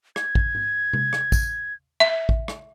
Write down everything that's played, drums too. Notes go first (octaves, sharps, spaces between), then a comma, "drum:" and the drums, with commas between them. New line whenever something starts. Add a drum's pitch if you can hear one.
G#6, drum: rim click
drum: kick
drum: tom G#2
drum: tom C3
drum: rim click
drum: kick, tambourine
E5
drum: kick
drum: rim click